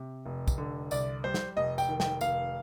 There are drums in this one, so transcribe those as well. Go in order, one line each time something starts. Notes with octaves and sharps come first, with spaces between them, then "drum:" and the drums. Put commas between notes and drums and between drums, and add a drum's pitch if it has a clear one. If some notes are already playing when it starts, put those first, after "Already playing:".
Already playing: C3
F1
drum: kick, tambourine
D3
C2 D5, drum: tambourine
G3 C5
drum: snare
F1 D#5
G5, drum: tambourine
D#3
G5, drum: snare
F1 F5, drum: tambourine